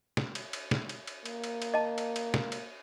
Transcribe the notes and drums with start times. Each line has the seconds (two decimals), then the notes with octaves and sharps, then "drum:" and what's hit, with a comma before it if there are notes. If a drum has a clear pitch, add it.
0.17 drum: snare
0.35 drum: cymbal
0.53 drum: cymbal
0.71 drum: snare
0.89 drum: cymbal
1.07 drum: cymbal
1.25 A#3, drum: cymbal
1.44 drum: cymbal
1.62 drum: cymbal
1.74 D#5 A5
1.98 drum: cymbal
2.16 drum: cymbal
2.34 drum: snare
2.52 drum: cymbal